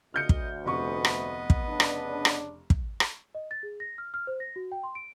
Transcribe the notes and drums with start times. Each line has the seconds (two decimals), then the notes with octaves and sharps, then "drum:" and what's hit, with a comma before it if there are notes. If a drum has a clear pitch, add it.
0.14 D2 D#5 F6 G6 C#7
0.29 drum: kick
0.65 F1 B3 B4 D#5 C#6
1.05 drum: rim click
1.50 drum: kick
1.70 C#3 D4
1.80 drum: rim click
2.25 drum: rim click
2.70 drum: kick
3.00 drum: rim click
3.35 D#5
3.51 A6
3.63 G#4
3.80 A#6
3.98 F6
4.14 F6
4.27 C5
4.40 A#6
4.56 F#4
4.72 G5
4.83 C6
4.95 D7